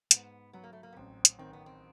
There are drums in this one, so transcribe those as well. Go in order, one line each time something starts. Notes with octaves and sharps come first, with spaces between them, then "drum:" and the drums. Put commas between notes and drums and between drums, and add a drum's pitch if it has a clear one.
G#2 B3, drum: hi-hat
F#3 B3
A#3
A3
A#3
B3
A1 C4
drum: hi-hat
D#3 C4
B3
C4